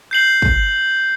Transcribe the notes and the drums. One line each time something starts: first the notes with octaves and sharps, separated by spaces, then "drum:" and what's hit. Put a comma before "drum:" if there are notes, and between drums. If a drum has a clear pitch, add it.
G6 C7 F#7
drum: kick